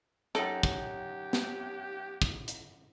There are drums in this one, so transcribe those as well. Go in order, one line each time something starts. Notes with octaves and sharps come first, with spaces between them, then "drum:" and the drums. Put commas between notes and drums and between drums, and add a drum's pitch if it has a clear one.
F#2 D#4 G4 A4 C#5 D5 G5, drum: rim click
drum: kick
drum: snare
drum: kick
drum: hi-hat